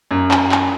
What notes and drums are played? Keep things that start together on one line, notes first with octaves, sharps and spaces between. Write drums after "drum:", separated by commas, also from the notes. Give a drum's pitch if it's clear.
F#2
drum: clap
drum: clap